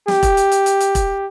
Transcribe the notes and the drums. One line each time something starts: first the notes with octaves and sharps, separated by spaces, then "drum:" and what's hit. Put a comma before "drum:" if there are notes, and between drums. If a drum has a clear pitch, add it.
G4, drum: snare
drum: kick E1, hi-hat
drum: hi-hat
drum: hi-hat
drum: hi-hat
drum: hi-hat
drum: kick E1, hi-hat